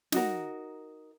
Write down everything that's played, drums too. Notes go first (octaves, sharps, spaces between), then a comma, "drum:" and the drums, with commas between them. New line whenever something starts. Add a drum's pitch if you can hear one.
D#4 F#4 A#4, drum: snare